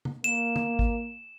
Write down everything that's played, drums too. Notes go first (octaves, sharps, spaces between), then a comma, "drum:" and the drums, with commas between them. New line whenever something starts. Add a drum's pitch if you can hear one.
drum: tom C#3
A#3 E7
drum: tom D3
drum: kick G#1